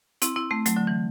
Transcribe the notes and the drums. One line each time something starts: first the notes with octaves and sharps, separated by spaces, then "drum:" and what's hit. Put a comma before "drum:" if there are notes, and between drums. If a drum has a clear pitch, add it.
C4 E4, drum: hi-hat
C4 E4
A3 C4
F#3 A3, drum: hi-hat
D3 F#3
E3